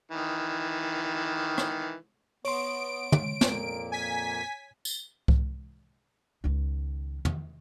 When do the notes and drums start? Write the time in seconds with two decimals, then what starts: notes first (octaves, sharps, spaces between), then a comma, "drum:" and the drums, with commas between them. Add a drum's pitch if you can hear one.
0.11 D#3 E3
1.58 drum: rim click
2.45 B3 C#5 C6 D7, drum: open hi-hat
3.12 drum: tom
3.41 F2 A#2 A#3, drum: snare
3.92 G#5 B6
4.85 drum: tambourine
5.28 drum: kick C2
6.44 C#2 D#3
7.25 drum: tom